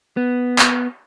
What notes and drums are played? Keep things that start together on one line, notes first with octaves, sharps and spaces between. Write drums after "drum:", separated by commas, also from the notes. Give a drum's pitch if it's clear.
B3
drum: clap